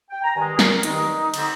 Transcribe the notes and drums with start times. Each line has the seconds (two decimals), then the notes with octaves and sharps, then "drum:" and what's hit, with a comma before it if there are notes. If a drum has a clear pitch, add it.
0.10 G5
0.24 A#5
0.35 G2 D#3 G#3 G#5
0.55 G#4
0.59 A#4, drum: snare
0.83 G2 D#3 G#3 D#4, drum: hi-hat
1.34 D3 G3 C4, drum: cymbal